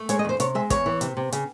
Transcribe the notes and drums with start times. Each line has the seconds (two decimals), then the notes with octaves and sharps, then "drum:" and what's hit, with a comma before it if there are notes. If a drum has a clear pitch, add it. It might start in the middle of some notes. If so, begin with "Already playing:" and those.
Already playing: A3
0.09 G#3 C#5, drum: hi-hat
0.19 D#5
0.25 E2 C5
0.40 C3 C#5, drum: hi-hat
0.55 G#3 E5
0.70 E2 C#5, drum: kick, hi-hat
0.86 E3
1.01 C3, drum: hi-hat
1.17 C3
1.32 C#3, drum: hi-hat